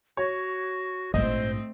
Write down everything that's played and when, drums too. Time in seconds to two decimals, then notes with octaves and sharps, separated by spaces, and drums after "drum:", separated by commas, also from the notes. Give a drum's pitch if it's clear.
0.17 F#4 C#5
1.14 A#1 G#2 A3 C4 C5 D#5, drum: kick G#1